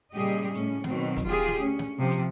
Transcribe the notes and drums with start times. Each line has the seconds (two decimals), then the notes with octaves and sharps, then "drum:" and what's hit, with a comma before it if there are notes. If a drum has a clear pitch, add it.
0.13 A#2 C#3 G3 G4 G#4 D#5
0.54 A2 C#4, drum: hi-hat
0.84 B2 D#3 F#3 C4, drum: snare
1.17 drum: kick, hi-hat
1.26 E2 F4 G4 G#4
1.48 drum: snare
1.59 D2 C#4
1.79 drum: snare
1.98 C3 F3
2.10 drum: hi-hat